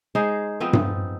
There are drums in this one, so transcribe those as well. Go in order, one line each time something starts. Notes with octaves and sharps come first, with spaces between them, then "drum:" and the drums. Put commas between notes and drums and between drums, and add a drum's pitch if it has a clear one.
G#3 D#4 G#4 C5
F3 B3 C4 D#4
drum: tom G2